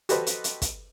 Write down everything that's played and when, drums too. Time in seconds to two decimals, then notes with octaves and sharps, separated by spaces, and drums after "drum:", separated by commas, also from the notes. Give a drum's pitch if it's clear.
0.09 F#4 G4 A4 B4 C5 D#5, drum: hi-hat
0.27 drum: hi-hat
0.44 drum: hi-hat
0.62 drum: kick, hi-hat